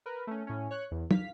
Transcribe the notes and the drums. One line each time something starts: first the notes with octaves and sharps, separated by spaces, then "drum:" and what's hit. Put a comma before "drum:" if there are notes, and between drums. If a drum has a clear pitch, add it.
A#4 B4
A3 C#4
A2 C#4
C#5 F#6
E2
F5 B6, drum: tom